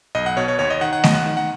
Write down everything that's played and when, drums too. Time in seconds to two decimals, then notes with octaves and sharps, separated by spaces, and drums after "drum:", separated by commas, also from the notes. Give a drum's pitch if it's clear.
0.15 B1 D#5
0.26 F#5
0.37 B2 C#5
0.48 C#5
0.59 D#2 C#5
0.70 D#5
0.81 D#3 F#5
0.93 F#5
1.04 D#2 D#5, drum: snare A3
1.14 F#5
1.26 D#3 F#5
1.37 F#5